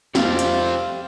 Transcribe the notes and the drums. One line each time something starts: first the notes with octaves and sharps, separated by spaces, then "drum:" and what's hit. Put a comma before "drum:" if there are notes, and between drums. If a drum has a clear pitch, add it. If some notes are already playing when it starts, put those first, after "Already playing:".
F2 C4 G4 D5 F5 A5, drum: snare
drum: hi-hat